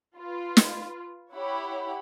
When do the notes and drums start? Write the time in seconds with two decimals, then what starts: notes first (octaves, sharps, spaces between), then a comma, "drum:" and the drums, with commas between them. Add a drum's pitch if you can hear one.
0.18 F4 B4
0.57 drum: snare
1.33 E4 G4 C#5 F#5 B5